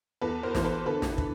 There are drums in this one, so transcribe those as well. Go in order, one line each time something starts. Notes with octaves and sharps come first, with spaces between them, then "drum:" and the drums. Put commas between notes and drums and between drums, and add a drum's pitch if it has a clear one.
E2 A4 B4
A#4 C5
E3 C5, drum: snare
A4 B4
D3 A4 B4
drum: snare
D3, drum: kick